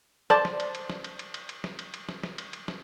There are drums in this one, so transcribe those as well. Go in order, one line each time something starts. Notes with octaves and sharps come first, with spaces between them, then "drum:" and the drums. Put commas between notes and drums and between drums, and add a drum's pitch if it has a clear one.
C5 D5 A5, drum: snare
drum: snare
drum: cymbal
drum: cymbal
drum: snare
drum: cymbal
drum: cymbal
drum: cymbal
drum: cymbal
drum: snare
drum: cymbal
drum: cymbal
drum: snare
drum: snare
drum: cymbal
drum: cymbal
drum: snare